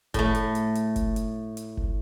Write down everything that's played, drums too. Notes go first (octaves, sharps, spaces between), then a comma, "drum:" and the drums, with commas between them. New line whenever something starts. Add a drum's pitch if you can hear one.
A2 A3, drum: kick F#1, hi-hat
drum: hi-hat
drum: hi-hat
drum: hi-hat
drum: kick F#1, hi-hat
drum: hi-hat
drum: hi-hat
drum: kick F#1